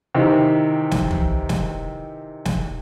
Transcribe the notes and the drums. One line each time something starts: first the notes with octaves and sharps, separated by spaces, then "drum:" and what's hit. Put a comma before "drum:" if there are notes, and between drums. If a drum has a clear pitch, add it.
C3 D#3 E3
drum: snare
drum: tom
drum: snare
drum: snare